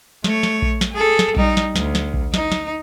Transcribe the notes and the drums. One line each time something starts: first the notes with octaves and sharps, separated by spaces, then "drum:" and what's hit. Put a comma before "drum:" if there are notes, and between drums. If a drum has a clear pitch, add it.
A3 C#5, drum: snare
drum: snare
drum: kick A#1
drum: snare
G#4 A4
drum: snare
G3 D#4, drum: kick A#1
drum: snare
D2, drum: snare
drum: snare
drum: kick A#1
D#4, drum: snare
drum: snare